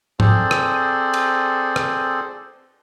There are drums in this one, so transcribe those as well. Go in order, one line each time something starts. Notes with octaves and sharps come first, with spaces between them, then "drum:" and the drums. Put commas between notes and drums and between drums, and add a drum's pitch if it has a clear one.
C4 G#4 A4 C5 D5, drum: tom G#2
drum: rim click
drum: cymbal
drum: rim click